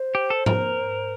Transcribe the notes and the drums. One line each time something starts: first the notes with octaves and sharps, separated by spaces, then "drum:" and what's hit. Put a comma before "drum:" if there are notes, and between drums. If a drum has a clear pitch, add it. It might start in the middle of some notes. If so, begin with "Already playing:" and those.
Already playing: C5
G4
A4
A#4, drum: tom G#2